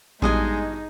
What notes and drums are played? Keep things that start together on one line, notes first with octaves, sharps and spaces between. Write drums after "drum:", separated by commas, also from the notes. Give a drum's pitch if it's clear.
G2 B2 G#3 D#4 G#4 D#5 G#5, drum: kick A1